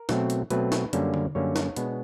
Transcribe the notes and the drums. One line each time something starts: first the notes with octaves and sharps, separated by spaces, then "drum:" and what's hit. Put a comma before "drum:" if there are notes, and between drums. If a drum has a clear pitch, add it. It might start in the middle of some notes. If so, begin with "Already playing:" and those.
Already playing: A#4
B2 F#3 A3 C4, drum: snare
drum: hi-hat
B2 F#3 A3 C4 B4, drum: hi-hat
drum: snare
F#2 D3 G3 A#3 C#4, drum: hi-hat
drum: tom D3
F#2 D3 G3 A#3 C#4 C#5
drum: snare
B2 G#3 B3 D4, drum: hi-hat